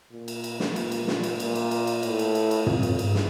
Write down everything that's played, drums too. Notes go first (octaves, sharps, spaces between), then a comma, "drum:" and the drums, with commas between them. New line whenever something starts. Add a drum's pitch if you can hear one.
A#2
drum: cymbal
drum: cymbal
drum: snare
A#2, drum: cymbal
drum: cymbal
drum: snare
drum: cymbal
A#2, drum: cymbal
drum: cymbal
drum: cymbal
drum: cymbal
A2, drum: cymbal
drum: cymbal
drum: cymbal
drum: cymbal
F2, drum: tom
drum: cymbal
E2, drum: cymbal
drum: snare